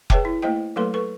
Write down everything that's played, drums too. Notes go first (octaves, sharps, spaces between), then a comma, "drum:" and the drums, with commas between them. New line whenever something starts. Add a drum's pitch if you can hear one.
G#4 B4 C#5 E5 G5 A5, drum: kick F1
E4
A3 A#3 E4 C5 D#5 G5
F#3 A3 A#3 A4 B4 C6
A4 B4 C#6